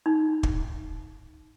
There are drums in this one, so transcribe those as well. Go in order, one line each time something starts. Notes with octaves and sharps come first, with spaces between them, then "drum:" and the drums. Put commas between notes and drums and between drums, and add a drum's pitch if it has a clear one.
D#4
drum: kick